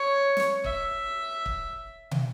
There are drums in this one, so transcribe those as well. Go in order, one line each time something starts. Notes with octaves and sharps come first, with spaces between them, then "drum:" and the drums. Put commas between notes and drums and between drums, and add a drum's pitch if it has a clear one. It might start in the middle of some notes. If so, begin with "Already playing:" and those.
Already playing: C#5
drum: snare
E5, drum: kick
drum: kick
drum: tom